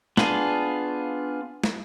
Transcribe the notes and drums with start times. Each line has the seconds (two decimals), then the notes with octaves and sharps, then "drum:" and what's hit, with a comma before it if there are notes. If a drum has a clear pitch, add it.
0.17 B3 D4 F4 G#4, drum: snare
1.64 drum: snare